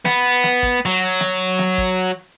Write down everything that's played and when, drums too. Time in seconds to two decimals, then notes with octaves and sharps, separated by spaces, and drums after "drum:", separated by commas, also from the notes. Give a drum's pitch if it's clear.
0.05 B3, drum: snare
0.43 drum: snare
0.63 drum: kick
0.86 F#3
1.20 drum: snare
1.59 drum: snare
1.78 drum: kick